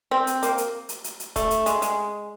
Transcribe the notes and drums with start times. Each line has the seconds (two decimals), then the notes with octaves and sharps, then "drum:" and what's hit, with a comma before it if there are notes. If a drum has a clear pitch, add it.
0.11 C4
0.27 drum: hi-hat
0.43 A#3, drum: hi-hat
0.58 drum: hi-hat
0.89 drum: hi-hat
1.04 drum: hi-hat
1.20 drum: hi-hat
1.36 A3, drum: kick E1, hi-hat
1.51 drum: hi-hat
1.66 G#3, drum: hi-hat
1.82 G#3, drum: hi-hat